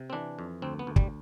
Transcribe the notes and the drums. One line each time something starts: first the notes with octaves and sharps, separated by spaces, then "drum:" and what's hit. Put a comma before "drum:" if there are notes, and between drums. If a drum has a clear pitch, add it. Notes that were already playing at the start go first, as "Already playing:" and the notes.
Already playing: C3
C4
E3 D4
F2
D2 C4
B3
D2
G3, drum: kick